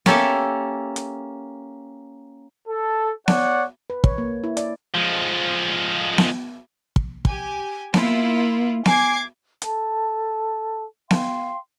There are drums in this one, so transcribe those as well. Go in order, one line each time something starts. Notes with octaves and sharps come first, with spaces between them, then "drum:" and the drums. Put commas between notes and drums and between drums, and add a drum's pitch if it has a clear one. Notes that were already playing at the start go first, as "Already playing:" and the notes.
A#3 C#4 G4 A4 E5 A5, drum: snare B3
drum: hi-hat
A4
C#5 D5 F#5, drum: snare B3
B4
C#5, drum: kick
A#3
E4
D5, drum: hi-hat
F3 G#3
drum: snare B3
drum: kick
G4 G#5, drum: kick
A#3 E4 F4, drum: snare B3
G#5 D6 G#6 C7, drum: snare B3
A4 A5, drum: hi-hat
F5 G5 C6, drum: snare B3